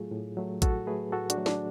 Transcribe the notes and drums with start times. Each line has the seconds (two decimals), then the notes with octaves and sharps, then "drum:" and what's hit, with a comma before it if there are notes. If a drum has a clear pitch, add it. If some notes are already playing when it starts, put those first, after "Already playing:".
Already playing: A2 F#3 A3 F4 G#4
0.11 A2
0.37 F#3 A3
0.62 A2 F#4 A4, drum: kick A1, hi-hat
0.87 F#3 A3 G#4 B4
1.12 A2 F#4 A4
1.30 D4 F#4, drum: hi-hat
1.38 F#3 A3
1.46 D4, drum: snare